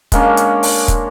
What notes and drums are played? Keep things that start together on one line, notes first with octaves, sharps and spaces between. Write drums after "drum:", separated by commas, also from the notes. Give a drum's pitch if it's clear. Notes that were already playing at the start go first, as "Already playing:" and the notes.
G#3 A#3 C#4 D4, drum: kick, hi-hat
drum: hi-hat
drum: open hi-hat
drum: kick, hi-hat